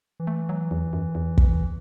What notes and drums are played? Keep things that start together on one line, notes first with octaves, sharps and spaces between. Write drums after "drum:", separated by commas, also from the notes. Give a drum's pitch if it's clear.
E3
A3
F#3
E2
F#2
E2
drum: kick